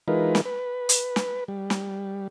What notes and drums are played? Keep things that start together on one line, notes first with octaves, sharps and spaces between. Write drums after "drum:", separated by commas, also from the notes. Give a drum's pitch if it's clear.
E3 G#3 D#4 F4 A#4 B4
drum: snare
B4
drum: hi-hat
drum: snare
G3
drum: snare